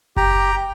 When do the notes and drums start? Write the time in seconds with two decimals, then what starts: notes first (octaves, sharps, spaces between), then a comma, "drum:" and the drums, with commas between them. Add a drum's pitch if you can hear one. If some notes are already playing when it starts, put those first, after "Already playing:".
0.17 G4 G5 A#5, drum: kick F#1